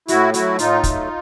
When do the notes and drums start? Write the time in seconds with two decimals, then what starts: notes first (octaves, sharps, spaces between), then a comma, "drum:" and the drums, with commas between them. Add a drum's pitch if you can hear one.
0.08 A2 E4 F#4, drum: hi-hat
0.34 F#3 A3 E4 F#4, drum: hi-hat
0.59 A2 D#4 F4, drum: hi-hat
0.83 F#3 A3, drum: kick, hi-hat